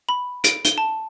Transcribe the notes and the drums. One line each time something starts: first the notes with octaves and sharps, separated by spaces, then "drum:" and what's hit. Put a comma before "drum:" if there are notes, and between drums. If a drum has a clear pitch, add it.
B5
D7, drum: hi-hat
G7, drum: hi-hat
A5